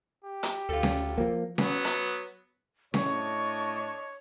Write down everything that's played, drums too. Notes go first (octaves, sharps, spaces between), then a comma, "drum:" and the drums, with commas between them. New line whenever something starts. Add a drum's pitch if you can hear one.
G4
drum: hi-hat
D2 F4 A4
drum: snare C#4
F3 A#3
F#3 B3, drum: snare C#4
drum: hi-hat
A2 D4 C#5 D#5 C#6, drum: snare C#4